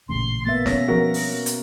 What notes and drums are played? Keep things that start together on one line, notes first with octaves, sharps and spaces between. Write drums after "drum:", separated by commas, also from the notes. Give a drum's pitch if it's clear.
A1 A#2 C#3 C6
A#3 B3 E5 A6
B2 C#4 C#5 A#6, drum: snare
F3 G3 C4 F#4 A#4
drum: open hi-hat
drum: hi-hat